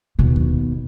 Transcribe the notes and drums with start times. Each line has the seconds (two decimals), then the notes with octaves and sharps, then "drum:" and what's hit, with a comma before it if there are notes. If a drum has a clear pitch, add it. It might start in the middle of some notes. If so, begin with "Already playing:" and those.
0.19 D#2 B2
0.36 drum: kick F2